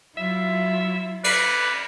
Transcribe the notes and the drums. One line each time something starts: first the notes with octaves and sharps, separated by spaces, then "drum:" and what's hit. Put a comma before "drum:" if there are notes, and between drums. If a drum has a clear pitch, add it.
F#3 E4 F4 E5
B4 D5, drum: cymbal